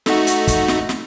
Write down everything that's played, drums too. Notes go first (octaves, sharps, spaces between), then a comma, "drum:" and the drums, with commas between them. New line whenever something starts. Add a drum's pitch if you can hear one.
A3 D#4 F#4, drum: snare
drum: hi-hat
drum: kick, hi-hat
drum: snare
drum: snare